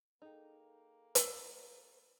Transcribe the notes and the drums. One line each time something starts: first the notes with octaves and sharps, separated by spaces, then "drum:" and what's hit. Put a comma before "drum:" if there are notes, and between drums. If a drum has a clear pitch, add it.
A#3 D#4 G#4 A4 G5
drum: hi-hat